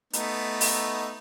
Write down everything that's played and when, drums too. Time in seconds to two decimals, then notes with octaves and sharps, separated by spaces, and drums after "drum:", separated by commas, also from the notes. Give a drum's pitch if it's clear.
0.13 A3 B3 D#4, drum: hi-hat
0.61 drum: open hi-hat